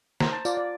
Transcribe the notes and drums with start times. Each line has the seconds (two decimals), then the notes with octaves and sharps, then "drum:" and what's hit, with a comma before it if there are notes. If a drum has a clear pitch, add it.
0.20 C5 A#5, drum: snare
0.33 A5
0.45 F4 D5, drum: tambourine
0.57 D5